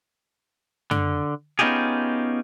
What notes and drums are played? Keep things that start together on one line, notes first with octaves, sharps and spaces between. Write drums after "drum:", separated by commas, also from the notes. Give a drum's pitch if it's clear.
D3, drum: tom F#2
B3 C#4 D#4 F4 G4 G#4